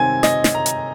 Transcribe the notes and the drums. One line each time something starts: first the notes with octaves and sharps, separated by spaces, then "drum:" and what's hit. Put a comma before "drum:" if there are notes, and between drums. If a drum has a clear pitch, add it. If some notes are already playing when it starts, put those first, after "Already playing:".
Already playing: C3 D#3 C4 G#5
D#5, drum: snare
drum: snare
A#5
drum: hi-hat